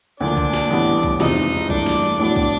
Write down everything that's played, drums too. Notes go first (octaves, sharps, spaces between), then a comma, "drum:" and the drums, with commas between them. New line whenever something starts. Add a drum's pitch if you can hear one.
D2 D3 F3 A#3 D4 D5
drum: kick
drum: snare
A1 A2 E3 G3 B3
drum: kick
F1 E2 C3 F3 G#3 D#4 D#5, drum: snare
G2 E3 A3 D4 D5, drum: kick
drum: snare
A#1 A2 F#3 B3 D4 E4 D5
drum: kick